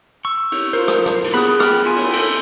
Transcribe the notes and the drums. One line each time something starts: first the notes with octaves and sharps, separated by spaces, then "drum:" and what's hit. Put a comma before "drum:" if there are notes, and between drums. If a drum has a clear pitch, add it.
C#6 E6
drum: cymbal
F4 A#4 C5
drum: rim click
drum: rim click
drum: cymbal
B3 G#4 B5 D#6 F#6
G5 B5 F6, drum: rim click
E4 F4 G#5 C6
drum: cymbal
A4 C6 G6, drum: cymbal